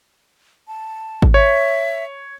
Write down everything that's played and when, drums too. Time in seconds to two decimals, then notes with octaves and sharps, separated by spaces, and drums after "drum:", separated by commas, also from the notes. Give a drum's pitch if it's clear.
0.68 A5
1.22 drum: kick
1.34 C#5 E5